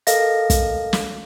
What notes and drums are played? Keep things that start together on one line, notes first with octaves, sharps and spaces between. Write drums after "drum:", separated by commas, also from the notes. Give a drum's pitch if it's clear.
A4 A#4 D#5 F5 A#6, drum: hi-hat
drum: kick, hi-hat
drum: snare